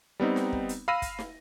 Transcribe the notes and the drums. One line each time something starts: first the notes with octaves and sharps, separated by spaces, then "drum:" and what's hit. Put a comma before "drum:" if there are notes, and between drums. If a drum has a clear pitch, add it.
G3 B3 C4 D#4
drum: snare
drum: kick
drum: hi-hat
F5 B5 E6 A#6 D#7
drum: kick, hi-hat
drum: snare